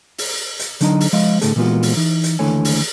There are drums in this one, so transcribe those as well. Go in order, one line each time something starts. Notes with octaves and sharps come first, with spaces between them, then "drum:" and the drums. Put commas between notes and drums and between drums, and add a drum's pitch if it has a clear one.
drum: open hi-hat
drum: hi-hat
D3 F#3 D4 D#4 D#5 A#5, drum: hi-hat
drum: open hi-hat
F3 G#3 D#5 F5
A2 D3 A3 G#4 A4, drum: hi-hat
A#2 E3 G#3 B3 F4 F#4
drum: open hi-hat
E3 D#4
drum: hi-hat
D#2 D3 E3 A3 C#5 G#5
drum: open hi-hat